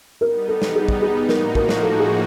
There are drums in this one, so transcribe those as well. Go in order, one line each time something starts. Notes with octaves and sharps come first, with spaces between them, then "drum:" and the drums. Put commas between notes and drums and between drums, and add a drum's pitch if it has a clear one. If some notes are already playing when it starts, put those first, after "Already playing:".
G3 B3 D#4 A#4
A4
drum: snare
G#4
drum: kick
G#4
A2 F3 A#3 D#4 F#4 A#4, drum: snare
A#4, drum: kick
drum: snare
A4
G#4